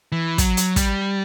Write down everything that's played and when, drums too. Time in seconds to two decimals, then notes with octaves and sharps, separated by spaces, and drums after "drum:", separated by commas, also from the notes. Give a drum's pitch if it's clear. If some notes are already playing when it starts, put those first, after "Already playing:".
0.12 E3
0.38 F#3, drum: kick, hi-hat
0.57 drum: hi-hat
0.76 G3, drum: kick, hi-hat